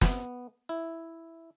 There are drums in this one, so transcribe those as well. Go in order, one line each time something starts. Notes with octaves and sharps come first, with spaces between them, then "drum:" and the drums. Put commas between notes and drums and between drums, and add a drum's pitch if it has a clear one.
B3, drum: snare
E4